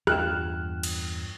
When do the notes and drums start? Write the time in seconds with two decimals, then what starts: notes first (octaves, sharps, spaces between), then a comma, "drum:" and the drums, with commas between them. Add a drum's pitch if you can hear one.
0.07 E2 G2 F4 G5 F6 F#6 E7, drum: rim click
0.83 drum: cymbal